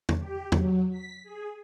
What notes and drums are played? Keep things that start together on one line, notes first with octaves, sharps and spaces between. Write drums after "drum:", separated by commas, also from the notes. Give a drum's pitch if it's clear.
drum: tom E2
G4
F#3, drum: tom E2
B6
G#4